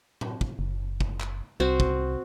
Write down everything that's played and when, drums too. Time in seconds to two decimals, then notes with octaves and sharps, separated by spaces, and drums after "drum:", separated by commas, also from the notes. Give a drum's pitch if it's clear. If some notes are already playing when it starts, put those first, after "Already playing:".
0.21 drum: tom A2
0.41 drum: kick
0.59 F#1
1.01 drum: kick
1.20 drum: clap
1.60 C2 C4 F#4
1.80 drum: kick